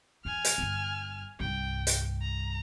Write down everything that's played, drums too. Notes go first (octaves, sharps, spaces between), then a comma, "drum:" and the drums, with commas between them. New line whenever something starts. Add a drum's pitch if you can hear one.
E2 G#5 F6
drum: hi-hat
G1 G2
C2 G2 G5
drum: hi-hat
A#5